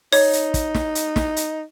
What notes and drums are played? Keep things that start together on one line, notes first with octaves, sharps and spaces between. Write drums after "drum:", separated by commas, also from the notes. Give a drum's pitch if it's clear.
D#4 C#5, drum: open hi-hat
drum: hi-hat
drum: kick, hi-hat
drum: snare
drum: hi-hat
drum: snare
drum: hi-hat